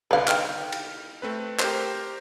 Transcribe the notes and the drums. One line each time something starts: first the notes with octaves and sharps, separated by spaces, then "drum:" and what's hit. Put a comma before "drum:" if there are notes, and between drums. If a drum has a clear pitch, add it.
C2 D3 B4 F5
D#3 G5 F6, drum: clap
drum: cymbal
A3 C4 B4
G4 A#4 C5, drum: clap